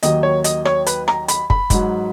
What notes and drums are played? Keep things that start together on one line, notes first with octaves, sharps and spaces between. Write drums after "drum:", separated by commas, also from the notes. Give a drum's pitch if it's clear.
D#2 D#3 F#3 D#5, drum: hi-hat
C#5
D#5, drum: hi-hat
C#5, drum: rim click
B4, drum: hi-hat
A#5, drum: rim click
B5, drum: hi-hat
B5, drum: kick
G#2 F#3, drum: kick, hi-hat